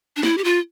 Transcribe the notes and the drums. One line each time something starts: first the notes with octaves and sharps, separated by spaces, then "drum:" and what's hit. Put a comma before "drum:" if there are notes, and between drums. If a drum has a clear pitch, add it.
D4
E4, drum: snare
G4
F4